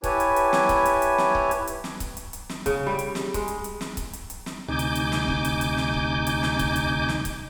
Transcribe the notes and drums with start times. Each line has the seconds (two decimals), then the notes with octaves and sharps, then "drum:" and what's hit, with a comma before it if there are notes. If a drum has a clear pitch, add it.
0.04 E4 G4 B4 C#5 G#5 A5, drum: kick C#1, hi-hat
0.20 drum: hi-hat
0.36 drum: hi-hat
0.53 drum: snare
0.69 drum: kick C#1, hi-hat
0.86 drum: hi-hat
1.02 drum: hi-hat
1.18 drum: snare
1.35 drum: kick C#1
1.51 drum: hi-hat
1.67 drum: hi-hat
1.84 drum: snare
2.00 drum: kick C#1, hi-hat
2.17 drum: hi-hat
2.33 drum: hi-hat
2.49 drum: snare
2.66 C#3, drum: kick C#1, hi-hat
2.87 G3
2.99 drum: hi-hat
3.15 drum: snare
3.34 G#3, drum: kick C#1, hi-hat
3.48 drum: hi-hat
3.64 drum: hi-hat
3.81 drum: snare
3.97 drum: kick C#1, hi-hat
4.13 drum: hi-hat
4.30 drum: hi-hat
4.46 drum: snare
4.69 D2 C3 D#4 G#5 D6 G6
4.79 drum: hi-hat
4.95 drum: hi-hat
5.12 drum: snare
5.28 drum: kick C#1
5.45 drum: hi-hat
5.61 drum: hi-hat
5.77 drum: snare
5.94 drum: kick C#1
6.27 drum: hi-hat
6.43 drum: snare
6.59 drum: kick C#1, hi-hat
6.76 drum: hi-hat
7.09 drum: snare
7.25 drum: kick C#1, hi-hat